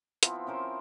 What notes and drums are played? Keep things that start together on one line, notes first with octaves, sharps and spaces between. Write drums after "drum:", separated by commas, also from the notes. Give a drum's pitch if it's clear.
F3 B3 C4 E4, drum: hi-hat
C4 C#4 A#4 C5
G5